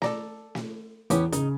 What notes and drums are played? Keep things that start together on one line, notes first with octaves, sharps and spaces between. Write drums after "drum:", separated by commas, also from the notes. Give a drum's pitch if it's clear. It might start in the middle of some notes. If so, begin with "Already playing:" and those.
A4 D5 A#5, drum: snare
drum: snare
E2 E3 B3 C#4 G4, drum: hi-hat
C#3 D#4, drum: hi-hat